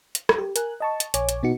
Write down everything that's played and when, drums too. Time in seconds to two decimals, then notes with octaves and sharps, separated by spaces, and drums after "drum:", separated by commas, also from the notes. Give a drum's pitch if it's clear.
0.15 drum: hi-hat
0.29 drum: rim click
0.38 G4
0.56 A#4 G#5 F#6, drum: hi-hat
0.80 D#5 A5 C#6
1.00 drum: hi-hat
1.14 A#1 C#5 G#5 D6, drum: hi-hat
1.29 drum: hi-hat
1.43 B2 B3 D#4 F#4 C#7